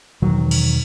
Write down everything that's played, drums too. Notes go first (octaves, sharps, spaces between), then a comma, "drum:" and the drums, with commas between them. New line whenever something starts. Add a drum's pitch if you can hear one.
E1 D#3 F#3
drum: cymbal